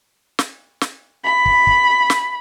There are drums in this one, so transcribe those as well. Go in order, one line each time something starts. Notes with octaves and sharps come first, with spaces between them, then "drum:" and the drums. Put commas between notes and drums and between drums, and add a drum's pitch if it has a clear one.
drum: snare
drum: snare
B5
drum: kick
drum: kick
drum: snare